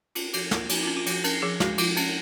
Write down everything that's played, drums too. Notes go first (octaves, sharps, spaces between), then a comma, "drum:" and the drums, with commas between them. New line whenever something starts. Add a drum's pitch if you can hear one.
C#4 F4, drum: cymbal
F3 F#4, drum: cymbal
A#3 F4, drum: snare
F3 F#4, drum: cymbal
C#4 F4
F4
F3 F#4, drum: cymbal
C#4 A#4, drum: cymbal
F3 G#4
G#3 F#4, drum: snare
F3 F4, drum: cymbal
C#4, drum: cymbal